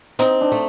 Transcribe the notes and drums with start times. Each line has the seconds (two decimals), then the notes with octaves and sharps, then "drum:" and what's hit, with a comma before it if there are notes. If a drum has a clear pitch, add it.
0.19 C4 D#4, drum: hi-hat
0.41 D4
0.52 A3